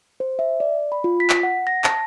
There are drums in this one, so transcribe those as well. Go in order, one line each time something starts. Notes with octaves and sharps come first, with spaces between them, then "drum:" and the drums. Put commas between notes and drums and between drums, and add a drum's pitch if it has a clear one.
C5
E5
D5
B5
F4
B6
drum: clap
F#5
A#6
A5, drum: clap